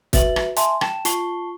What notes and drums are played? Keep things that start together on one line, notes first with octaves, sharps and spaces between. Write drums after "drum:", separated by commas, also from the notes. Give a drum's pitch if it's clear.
F#4 B4 E5 A6 F#7, drum: kick, hi-hat
drum: rim click
E5 G#5 A5 C6, drum: hi-hat
G5 A5 E7, drum: rim click
F4 A5 C#6 C7 G7, drum: hi-hat